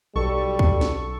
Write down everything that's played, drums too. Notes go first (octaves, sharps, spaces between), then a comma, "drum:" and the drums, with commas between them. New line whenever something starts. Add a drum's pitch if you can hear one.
B1 G3 A4 C#6
drum: kick C#2
drum: snare